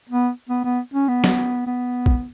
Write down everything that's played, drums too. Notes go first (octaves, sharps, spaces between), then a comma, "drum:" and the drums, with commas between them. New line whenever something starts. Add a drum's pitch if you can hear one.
B3
B3
B3
C#4
B3
drum: snare
B3
drum: kick